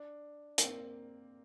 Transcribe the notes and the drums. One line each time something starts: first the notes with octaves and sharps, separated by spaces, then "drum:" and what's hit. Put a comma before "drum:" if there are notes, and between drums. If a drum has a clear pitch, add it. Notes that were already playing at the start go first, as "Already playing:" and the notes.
Already playing: D4
A#3, drum: hi-hat
C4